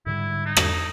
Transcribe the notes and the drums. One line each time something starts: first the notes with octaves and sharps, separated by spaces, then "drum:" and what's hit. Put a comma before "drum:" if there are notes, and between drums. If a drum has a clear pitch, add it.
G#2 D3 G3 E4
D#4
drum: rim click